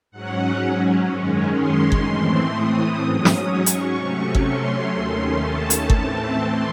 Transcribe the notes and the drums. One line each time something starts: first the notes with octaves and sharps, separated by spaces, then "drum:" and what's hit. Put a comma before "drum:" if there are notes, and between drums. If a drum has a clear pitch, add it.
G#2 F#3 C#4 F#5
F#2 D#3 G#3 C#4
C6
drum: kick G1
A2 E3 A3 C4
D#6
G#2 F#3 C#4
drum: snare
C#6
drum: hi-hat
C3 F#3 A3 C#4
drum: kick G1
C6
D#2 D#3 A3 C#4
A5
drum: hi-hat
A2 E3 A3 C4, drum: kick G1
C6